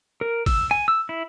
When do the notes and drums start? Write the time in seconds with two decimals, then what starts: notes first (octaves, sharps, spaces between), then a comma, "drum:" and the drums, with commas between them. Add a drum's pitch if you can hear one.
0.21 A#4
0.46 E6, drum: kick, open hi-hat
0.71 G#5
0.88 E6
1.09 E4